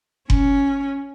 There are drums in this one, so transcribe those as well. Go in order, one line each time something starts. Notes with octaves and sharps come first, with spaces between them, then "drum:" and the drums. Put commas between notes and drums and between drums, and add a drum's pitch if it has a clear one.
C#4, drum: kick F#1